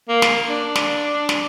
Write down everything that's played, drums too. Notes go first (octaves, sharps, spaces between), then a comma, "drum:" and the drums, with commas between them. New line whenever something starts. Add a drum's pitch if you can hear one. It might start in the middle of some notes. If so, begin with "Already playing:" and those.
A#3
drum: snare
D4
drum: snare
drum: snare